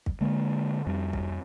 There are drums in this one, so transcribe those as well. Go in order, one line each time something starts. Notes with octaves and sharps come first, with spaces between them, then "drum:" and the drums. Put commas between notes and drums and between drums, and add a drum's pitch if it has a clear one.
drum: kick
D3 G#3 A#3
F2 F3 G3
drum: kick